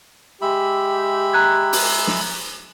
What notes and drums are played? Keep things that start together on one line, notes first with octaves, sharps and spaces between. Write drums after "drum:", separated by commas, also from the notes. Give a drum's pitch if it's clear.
G#3 G4 E5 B5
A#5 F#6 G#6
drum: open hi-hat
drum: snare